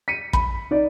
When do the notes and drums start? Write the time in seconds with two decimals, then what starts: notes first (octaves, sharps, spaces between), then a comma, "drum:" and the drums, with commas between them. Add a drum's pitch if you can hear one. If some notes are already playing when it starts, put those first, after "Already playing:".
0.08 B6 C#7 D#7
0.33 B5, drum: kick
0.71 D#4 D5